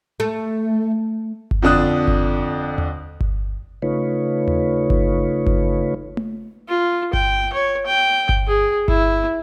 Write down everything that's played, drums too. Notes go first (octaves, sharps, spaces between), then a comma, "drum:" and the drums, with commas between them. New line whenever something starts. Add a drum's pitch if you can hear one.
A3
drum: kick G1
F2 D3 D4 D#6 F#6
drum: kick G1
drum: tom D#2
drum: kick G1
C#3 A3 D#4 F4 B4 C#5
drum: tom D#2
drum: kick G1
drum: kick G1
drum: tom A3
F4
G5, drum: kick G1
C#5
G5
drum: kick G1
G#4
E4, drum: kick G1